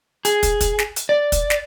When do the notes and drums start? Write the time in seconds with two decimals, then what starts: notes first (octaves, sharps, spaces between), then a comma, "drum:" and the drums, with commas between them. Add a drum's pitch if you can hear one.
0.25 G#4, drum: hi-hat
0.43 drum: kick, hi-hat
0.61 drum: kick, hi-hat
0.79 drum: snare
0.96 drum: hi-hat
1.09 D5
1.32 drum: kick, hi-hat
1.50 drum: snare